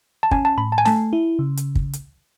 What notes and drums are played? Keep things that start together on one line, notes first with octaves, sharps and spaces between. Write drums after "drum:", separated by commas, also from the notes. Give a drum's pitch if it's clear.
A5
C#4 G#5, drum: kick
A5
A2 B5
A5
G#5
A3 A5, drum: snare
E4
C#3
drum: hi-hat
drum: kick
drum: hi-hat